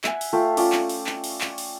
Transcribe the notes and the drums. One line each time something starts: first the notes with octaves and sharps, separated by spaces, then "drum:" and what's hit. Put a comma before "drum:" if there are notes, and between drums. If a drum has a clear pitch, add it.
E5 F#5 G#5, drum: clap
drum: open hi-hat
A3 F4 E5 G5
C#4 F4 D5 E6, drum: open hi-hat
drum: clap
drum: open hi-hat
drum: clap
drum: open hi-hat
drum: clap
drum: open hi-hat